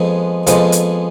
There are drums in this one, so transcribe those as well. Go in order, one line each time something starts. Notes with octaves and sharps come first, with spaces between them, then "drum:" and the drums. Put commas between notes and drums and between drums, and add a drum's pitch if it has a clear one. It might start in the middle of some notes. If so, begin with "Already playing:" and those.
Already playing: F2 F3 G#3 B3
F2 F3 G#3 B3, drum: hi-hat
drum: hi-hat